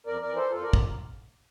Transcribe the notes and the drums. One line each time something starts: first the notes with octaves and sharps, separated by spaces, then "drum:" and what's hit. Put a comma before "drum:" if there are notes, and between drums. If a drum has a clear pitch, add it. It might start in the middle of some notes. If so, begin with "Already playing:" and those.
F2 A#4 D5
A#4 D5
E3
A4 C5
F2 F4 A4
A#4 D5
drum: kick